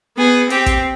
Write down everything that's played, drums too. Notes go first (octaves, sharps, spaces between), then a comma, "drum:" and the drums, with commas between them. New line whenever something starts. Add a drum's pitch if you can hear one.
B3 G#4
C4 G4, drum: hi-hat
drum: kick, hi-hat